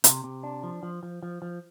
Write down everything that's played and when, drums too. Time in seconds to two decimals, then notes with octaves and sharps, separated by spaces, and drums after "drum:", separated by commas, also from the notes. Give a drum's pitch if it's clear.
0.04 C3, drum: hi-hat
0.24 C3
0.43 D4
0.63 F3
0.83 F3
1.03 F3
1.23 F3
1.42 F3